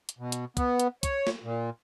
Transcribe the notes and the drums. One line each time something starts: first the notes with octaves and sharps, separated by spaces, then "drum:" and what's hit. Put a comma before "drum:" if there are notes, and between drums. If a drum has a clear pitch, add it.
drum: hi-hat
B2
drum: hi-hat
B3, drum: kick, hi-hat
drum: hi-hat
C#5, drum: kick, hi-hat
drum: snare
A#2